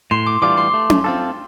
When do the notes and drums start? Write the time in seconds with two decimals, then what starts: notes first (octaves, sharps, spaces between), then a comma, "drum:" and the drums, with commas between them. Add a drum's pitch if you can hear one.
0.11 A2 C6
0.26 D6
0.42 E3 G3 D4 F4 D6
0.57 C6
0.74 A3
0.90 drum: tom C#4
1.04 C4 F4 A4